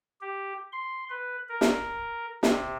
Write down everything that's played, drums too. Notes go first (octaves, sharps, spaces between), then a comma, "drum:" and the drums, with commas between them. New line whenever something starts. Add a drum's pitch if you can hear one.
G4
C6
B4
A#4
drum: snare
C3, drum: snare